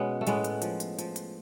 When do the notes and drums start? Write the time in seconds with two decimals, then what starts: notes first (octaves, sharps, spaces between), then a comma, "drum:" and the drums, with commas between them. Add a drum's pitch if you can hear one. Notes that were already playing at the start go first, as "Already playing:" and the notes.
Already playing: B2 G#3 B3 C#4
0.21 A3
0.27 A2 G#3 B3, drum: hi-hat
0.44 drum: hi-hat
0.62 F3, drum: hi-hat
0.80 drum: hi-hat
0.99 F3, drum: hi-hat
1.16 drum: hi-hat